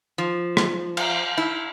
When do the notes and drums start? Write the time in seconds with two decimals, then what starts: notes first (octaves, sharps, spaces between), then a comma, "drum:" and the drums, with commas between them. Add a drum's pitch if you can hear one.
0.18 F3
0.57 drum: rim click
0.97 drum: cymbal
1.38 E4